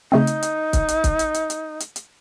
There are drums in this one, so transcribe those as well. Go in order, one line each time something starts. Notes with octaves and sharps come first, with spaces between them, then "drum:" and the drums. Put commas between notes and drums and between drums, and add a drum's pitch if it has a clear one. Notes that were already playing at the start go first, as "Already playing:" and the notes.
C#3 A3 C4 D#4
drum: hi-hat
drum: hi-hat
drum: kick, hi-hat
drum: hi-hat
drum: kick, hi-hat
drum: hi-hat
drum: hi-hat
drum: hi-hat
drum: hi-hat
drum: hi-hat